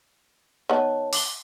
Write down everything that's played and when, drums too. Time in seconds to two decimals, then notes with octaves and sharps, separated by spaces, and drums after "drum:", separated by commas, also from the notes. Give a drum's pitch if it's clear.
0.70 D#3 B3 C#5 D#5 A5
1.13 D6 F#7 G7, drum: open hi-hat